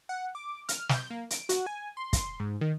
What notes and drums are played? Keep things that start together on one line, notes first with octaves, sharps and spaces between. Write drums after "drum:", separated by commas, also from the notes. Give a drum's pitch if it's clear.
F#5
D6
F6, drum: hi-hat
G6, drum: snare
A#3
D7, drum: hi-hat
F#4, drum: hi-hat
G#5
C6
drum: kick, hi-hat
G#2
D#3